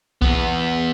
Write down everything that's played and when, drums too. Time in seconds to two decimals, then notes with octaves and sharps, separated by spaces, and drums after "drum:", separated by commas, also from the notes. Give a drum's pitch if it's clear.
0.22 E2 B3, drum: kick A#1